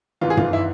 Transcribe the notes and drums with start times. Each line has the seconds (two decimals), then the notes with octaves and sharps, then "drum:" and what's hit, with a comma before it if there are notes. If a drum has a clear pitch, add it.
0.21 G#1 G#2 E3 B3 F4
0.30 G#4
0.37 F4, drum: tom
0.53 E4